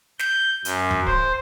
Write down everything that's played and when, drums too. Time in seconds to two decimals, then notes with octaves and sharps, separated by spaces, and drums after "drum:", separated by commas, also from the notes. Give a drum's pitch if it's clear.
0.19 G6, drum: snare
0.65 F#2, drum: hi-hat
0.91 drum: tom F2
1.07 C5, drum: kick D1